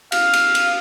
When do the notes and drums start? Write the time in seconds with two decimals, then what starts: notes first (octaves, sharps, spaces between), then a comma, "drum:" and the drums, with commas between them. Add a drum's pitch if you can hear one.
0.12 F5, drum: cymbal
0.33 drum: cymbal
0.55 drum: cymbal